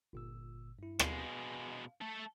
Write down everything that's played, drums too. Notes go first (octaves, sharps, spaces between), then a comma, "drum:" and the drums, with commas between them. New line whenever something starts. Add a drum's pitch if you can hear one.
G1 A#2 E6
G2 E4
B2 G#3 F5, drum: rim click
A3 A4